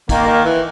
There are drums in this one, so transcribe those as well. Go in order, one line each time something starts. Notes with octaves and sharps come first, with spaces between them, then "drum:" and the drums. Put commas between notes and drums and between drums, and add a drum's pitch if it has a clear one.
D#3 A#3, drum: kick, cymbal
D#3
E3